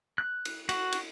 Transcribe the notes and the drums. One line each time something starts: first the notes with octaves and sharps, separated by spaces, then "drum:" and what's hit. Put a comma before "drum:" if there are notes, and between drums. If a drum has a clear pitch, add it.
F#6
drum: cymbal
F#4, drum: cymbal
drum: cymbal